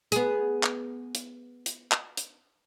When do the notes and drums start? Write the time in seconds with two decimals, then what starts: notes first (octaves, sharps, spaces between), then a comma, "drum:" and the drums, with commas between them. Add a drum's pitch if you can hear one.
0.12 B3 G#4, drum: hi-hat
0.63 drum: clap
1.15 drum: hi-hat
1.66 drum: hi-hat
1.92 drum: clap
2.17 drum: hi-hat